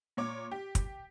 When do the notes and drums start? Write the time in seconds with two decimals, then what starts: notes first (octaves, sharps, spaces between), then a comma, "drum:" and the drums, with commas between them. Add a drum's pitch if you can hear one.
0.17 A#2 C#5 D6
0.51 G4
0.75 drum: kick, hi-hat